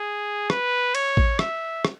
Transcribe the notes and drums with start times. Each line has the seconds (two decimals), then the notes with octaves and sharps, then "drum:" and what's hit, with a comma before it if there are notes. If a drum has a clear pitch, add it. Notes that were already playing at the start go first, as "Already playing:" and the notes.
Already playing: G#4
0.50 B4, drum: rim click
0.95 C#5, drum: cymbal
1.17 drum: kick A1
1.39 E5, drum: rim click
1.85 drum: rim click